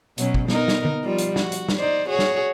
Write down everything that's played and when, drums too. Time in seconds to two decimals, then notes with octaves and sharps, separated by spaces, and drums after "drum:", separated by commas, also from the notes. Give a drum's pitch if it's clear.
0.18 B2 F#3 C#4, drum: hi-hat
0.34 drum: kick
0.48 B3 D#4 A#4, drum: snare
0.68 drum: snare
0.85 drum: tom D3
1.03 F3 G3 F4
1.18 drum: hi-hat
1.36 F#4, drum: snare
1.52 drum: hi-hat
1.69 drum: snare
1.78 D#4 C5 D5
2.09 F#4 G#4 C#5
2.19 drum: snare